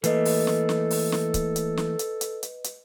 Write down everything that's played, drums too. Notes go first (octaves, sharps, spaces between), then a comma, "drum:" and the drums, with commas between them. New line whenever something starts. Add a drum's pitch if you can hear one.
E3 A3 A#3 A4 B4 D#5, drum: hi-hat
drum: open hi-hat
drum: snare
drum: snare
drum: open hi-hat
drum: snare
drum: kick C#1, hi-hat
drum: hi-hat
drum: snare
drum: hi-hat
drum: hi-hat
drum: hi-hat
drum: hi-hat